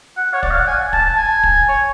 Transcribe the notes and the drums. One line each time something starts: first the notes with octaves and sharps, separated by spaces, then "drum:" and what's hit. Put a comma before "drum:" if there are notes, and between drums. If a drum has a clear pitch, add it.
F#5
C#5
D5, drum: kick
F5
F#5
G#5
A5, drum: kick
A5
G#5
drum: kick
C#5